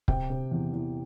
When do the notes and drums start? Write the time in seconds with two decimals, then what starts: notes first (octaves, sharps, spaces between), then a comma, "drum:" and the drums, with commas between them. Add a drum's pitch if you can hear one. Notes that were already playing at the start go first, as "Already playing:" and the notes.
0.08 C3 G5, drum: kick
0.30 C3
0.51 E2
0.73 E2